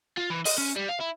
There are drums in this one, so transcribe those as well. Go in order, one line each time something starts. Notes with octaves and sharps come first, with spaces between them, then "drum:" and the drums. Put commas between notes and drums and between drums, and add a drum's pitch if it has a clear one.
F4
E3
D#5, drum: open hi-hat
C#4
G3
F5
E4